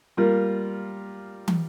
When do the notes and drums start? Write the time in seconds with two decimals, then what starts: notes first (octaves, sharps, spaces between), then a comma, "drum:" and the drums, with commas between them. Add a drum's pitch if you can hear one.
0.17 G3 A#3 F4 A#4
1.48 drum: tom